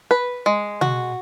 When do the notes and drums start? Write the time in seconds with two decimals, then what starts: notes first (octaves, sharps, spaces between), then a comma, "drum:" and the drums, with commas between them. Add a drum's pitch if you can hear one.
0.11 B4
0.46 G#3
0.81 F#4, drum: tom B2